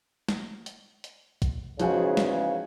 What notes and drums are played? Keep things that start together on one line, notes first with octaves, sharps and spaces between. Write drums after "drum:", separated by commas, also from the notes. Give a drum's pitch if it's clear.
drum: snare
drum: hi-hat
drum: hi-hat
drum: kick, hi-hat
E2 G#2 C#3 F3 F#4 G#4, drum: hi-hat
drum: snare